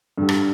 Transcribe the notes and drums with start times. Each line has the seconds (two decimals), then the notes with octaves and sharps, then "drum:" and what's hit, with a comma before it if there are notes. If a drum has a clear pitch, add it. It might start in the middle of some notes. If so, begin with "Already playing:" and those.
0.18 G2 D3 G3
0.29 drum: rim click